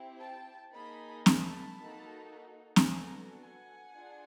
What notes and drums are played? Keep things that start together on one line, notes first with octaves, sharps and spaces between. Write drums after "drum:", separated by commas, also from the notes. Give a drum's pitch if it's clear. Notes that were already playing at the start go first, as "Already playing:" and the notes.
Already playing: C4 E4 G4
G5 A5
A#3 D#4 G#4 A5 B5
A5 B5, drum: snare
A#3 D#4 F#4 A4
drum: snare
B3 D4 F#4 A4 G#5 A#5
F#5 G#5
D4 F4 G#4